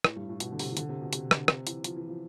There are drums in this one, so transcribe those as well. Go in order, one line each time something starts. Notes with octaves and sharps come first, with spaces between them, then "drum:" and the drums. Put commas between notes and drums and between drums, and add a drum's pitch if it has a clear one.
A2, drum: rim click
G2
A2
B2, drum: hi-hat
D3
C3, drum: open hi-hat
E3
D3, drum: hi-hat
C3
B2
C3, drum: hi-hat
D3, drum: rim click
C3, drum: rim click
E3, drum: hi-hat
F3, drum: hi-hat
E3
F3